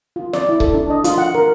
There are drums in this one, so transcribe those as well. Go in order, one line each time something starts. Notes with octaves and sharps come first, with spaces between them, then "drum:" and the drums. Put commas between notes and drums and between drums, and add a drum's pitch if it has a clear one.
F4
D5, drum: snare
E4
A4, drum: kick C#1
D4
D#5
F4, drum: hi-hat
F#5
A#4